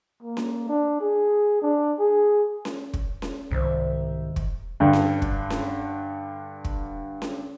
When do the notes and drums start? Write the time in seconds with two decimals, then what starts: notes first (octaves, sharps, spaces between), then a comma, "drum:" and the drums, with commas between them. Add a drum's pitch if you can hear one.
0.22 A#3
0.37 drum: snare C#4
0.68 D4
1.00 G#4
1.62 D4
1.99 G#4
2.65 drum: snare C#4
2.94 drum: kick
3.22 drum: snare C#4
3.51 C2 G#2 C3 D#3 D#4 E5
4.36 drum: kick
4.80 G2 D3
4.93 drum: snare C#4
5.22 drum: kick
5.50 drum: snare C#4
6.65 drum: kick
7.22 drum: snare C#4